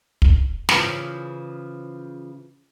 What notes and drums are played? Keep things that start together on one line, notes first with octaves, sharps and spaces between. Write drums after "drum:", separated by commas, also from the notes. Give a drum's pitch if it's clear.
drum: kick
C#3 E3 F3, drum: snare